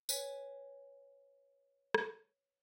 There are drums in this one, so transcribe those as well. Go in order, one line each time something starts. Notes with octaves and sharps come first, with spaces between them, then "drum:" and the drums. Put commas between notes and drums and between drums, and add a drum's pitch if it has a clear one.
B4 C#5 G#5 B6, drum: tambourine
drum: rim click